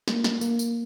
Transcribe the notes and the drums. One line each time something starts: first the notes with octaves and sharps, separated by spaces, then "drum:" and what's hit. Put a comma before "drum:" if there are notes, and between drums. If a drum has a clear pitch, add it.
A#3, drum: snare
drum: snare
A#3, drum: tambourine
drum: tambourine